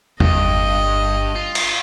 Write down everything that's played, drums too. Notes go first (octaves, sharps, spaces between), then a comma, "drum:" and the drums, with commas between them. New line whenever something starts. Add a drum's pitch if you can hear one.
G1 G2 D#5, drum: tom E2
F4
drum: cymbal